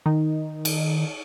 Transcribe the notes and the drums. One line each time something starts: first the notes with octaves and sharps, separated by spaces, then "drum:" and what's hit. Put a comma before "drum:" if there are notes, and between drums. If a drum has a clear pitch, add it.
D#3 D#4
drum: cymbal